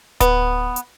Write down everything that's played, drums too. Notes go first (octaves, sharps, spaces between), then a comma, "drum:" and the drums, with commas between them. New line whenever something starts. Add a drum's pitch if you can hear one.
B3, drum: kick D1, hi-hat
drum: hi-hat